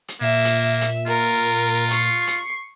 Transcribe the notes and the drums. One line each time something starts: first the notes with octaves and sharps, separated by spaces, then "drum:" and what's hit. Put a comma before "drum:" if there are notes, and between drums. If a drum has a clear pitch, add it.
drum: hi-hat
A#2 A#3 E5
drum: hi-hat
drum: hi-hat
F4 A#4
C#6 C7, drum: hi-hat
drum: hi-hat